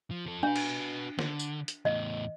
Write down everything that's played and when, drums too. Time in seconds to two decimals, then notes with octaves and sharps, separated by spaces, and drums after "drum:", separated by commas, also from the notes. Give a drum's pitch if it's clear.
0.11 F3
0.26 F3 A4
0.43 D4 F#4 B4
0.56 drum: cymbal
1.19 D3, drum: snare
1.39 drum: tambourine
1.68 drum: hi-hat
1.85 E2 A2 D#5